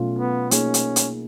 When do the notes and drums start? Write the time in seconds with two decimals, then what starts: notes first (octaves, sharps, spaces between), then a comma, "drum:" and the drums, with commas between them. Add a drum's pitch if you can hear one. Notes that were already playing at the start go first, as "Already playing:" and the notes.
Already playing: B2 F#3 A3 C#4 F4
0.19 B3
0.51 A#3 C#4 D#4 G#4, drum: hi-hat
0.74 drum: hi-hat
0.96 drum: hi-hat